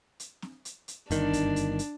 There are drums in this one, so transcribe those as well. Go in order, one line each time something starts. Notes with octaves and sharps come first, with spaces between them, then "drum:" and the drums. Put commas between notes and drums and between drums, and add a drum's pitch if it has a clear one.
drum: hi-hat
drum: snare C4
drum: hi-hat
drum: hi-hat
G1 D#3 D4, drum: hi-hat
drum: kick F#2, hi-hat
drum: hi-hat
drum: hi-hat